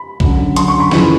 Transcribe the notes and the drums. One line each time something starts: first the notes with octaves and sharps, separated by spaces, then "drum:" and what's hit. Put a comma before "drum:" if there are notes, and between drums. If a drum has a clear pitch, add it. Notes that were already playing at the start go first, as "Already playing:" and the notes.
Already playing: B5
F#2 D3, drum: kick
F#2 D3 C6, drum: hi-hat
C#6
B5
F2 C#3 E3, drum: snare